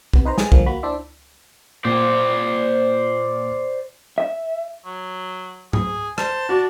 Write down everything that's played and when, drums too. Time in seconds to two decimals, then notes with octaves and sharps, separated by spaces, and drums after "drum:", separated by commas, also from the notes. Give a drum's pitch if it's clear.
0.13 C3 B3, drum: kick
0.25 D#4 B4 C5 A#5
0.38 G#4, drum: snare
0.52 G2 D3 F3 A#3, drum: kick
0.66 A#3 F#4 B5
0.83 D4 E4 C5 D5 E5
1.85 A#2 C5 D5
4.18 E5
4.86 F#3
5.73 G#4, drum: tom G#2
6.18 C5 A5, drum: rim click
6.49 D4 F#4